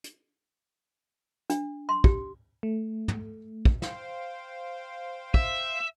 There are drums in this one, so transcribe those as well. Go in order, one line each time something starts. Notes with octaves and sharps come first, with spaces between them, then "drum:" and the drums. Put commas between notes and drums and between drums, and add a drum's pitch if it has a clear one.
drum: hi-hat
D4, drum: hi-hat
C6
G4, drum: kick
A3
drum: tom
drum: kick
C5 F5 G5, drum: snare
E5, drum: kick